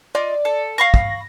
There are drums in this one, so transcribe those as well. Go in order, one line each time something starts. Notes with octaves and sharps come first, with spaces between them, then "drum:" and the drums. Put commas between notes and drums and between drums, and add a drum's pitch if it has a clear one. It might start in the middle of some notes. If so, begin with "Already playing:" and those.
F4 D5 D#5
A4
F5 B5 C#6 A#6
drum: kick